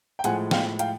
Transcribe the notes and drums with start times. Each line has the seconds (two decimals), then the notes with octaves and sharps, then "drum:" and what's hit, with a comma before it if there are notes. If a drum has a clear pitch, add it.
0.19 G5
0.24 A2 F3 G#3 F#5 G#5, drum: hi-hat
0.51 F5 G5, drum: snare
0.79 F5 G5, drum: hi-hat